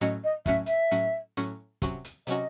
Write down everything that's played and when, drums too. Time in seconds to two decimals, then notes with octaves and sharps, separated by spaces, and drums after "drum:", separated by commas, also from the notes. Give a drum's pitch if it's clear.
0.01 A2 F#3 C#4 F#4 D#5, drum: hi-hat
0.24 D#5
0.46 A2 F#3 C#4 F#4 E5, drum: kick, hi-hat
0.66 E5, drum: hi-hat
0.91 A2 F#3 C#4 F#4, drum: hi-hat
1.37 A2 F#3 C#4 F#4, drum: hi-hat
1.82 C3 F#3 C#4 F#4, drum: kick, hi-hat
2.05 drum: hi-hat
2.27 C3 F#3 C#4 F#4 D#5, drum: hi-hat